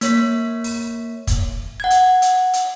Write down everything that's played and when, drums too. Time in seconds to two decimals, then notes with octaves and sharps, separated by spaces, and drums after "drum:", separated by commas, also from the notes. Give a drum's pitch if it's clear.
0.01 A#3 C#5 B6, drum: hi-hat
0.64 drum: open hi-hat
1.27 drum: kick, hi-hat
1.80 F#5 G#6
1.90 drum: hi-hat
2.22 drum: hi-hat
2.53 drum: hi-hat